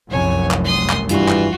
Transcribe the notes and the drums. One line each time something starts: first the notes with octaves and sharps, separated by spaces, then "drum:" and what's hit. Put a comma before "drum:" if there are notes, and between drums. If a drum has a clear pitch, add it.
F1 C2 F#2 C#5 G#5
drum: clap
C6 D#6
drum: clap
G2 E3 F4 F#4, drum: hi-hat
drum: clap